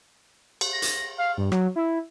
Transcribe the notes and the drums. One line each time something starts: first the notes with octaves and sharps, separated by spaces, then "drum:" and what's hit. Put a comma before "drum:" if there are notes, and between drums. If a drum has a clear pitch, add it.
drum: cymbal
A#6
drum: hi-hat
F5
G2
F#3, drum: rim click
E4